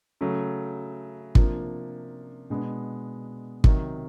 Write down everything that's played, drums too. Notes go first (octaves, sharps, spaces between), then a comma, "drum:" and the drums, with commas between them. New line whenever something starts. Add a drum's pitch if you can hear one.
C#3 F#3 A3
C3 F3 A#3 D4, drum: kick
B2 G#3 B3 D4
C3 D#3 F#3, drum: kick